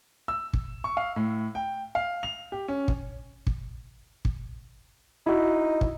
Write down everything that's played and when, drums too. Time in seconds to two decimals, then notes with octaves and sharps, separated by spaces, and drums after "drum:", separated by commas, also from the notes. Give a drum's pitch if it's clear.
0.28 E6
0.53 drum: kick
0.84 C#6
0.97 F5
1.16 A2
1.55 G5
1.95 F5
2.23 F7
2.52 G4
2.68 C#4
2.88 drum: kick
3.47 drum: kick
4.25 drum: kick
5.26 D#4 E4 F#4
5.81 drum: kick